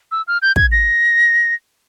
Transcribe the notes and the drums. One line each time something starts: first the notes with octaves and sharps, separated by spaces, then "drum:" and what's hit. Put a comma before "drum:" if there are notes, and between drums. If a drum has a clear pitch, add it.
E6
F6
G6
G#6, drum: kick
A#6